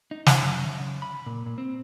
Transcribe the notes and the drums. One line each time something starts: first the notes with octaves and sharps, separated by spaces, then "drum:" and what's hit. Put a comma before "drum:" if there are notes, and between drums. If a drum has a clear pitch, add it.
D#4
F3, drum: snare
F#2
C#3
B5
A#2
A#2
C4